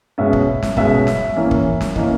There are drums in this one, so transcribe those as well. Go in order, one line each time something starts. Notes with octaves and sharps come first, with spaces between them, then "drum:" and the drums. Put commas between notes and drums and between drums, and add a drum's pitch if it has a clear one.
B2 G#3 C#4 E5
drum: kick
drum: snare
B2 G#3 C#4 E5, drum: kick
drum: snare
E3 A#3 C#4
drum: kick
drum: snare
E3 A#3 C#4 D#5, drum: kick